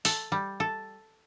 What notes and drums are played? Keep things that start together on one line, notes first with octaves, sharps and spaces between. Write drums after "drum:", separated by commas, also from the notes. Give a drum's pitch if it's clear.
A4, drum: open hi-hat
G3
A4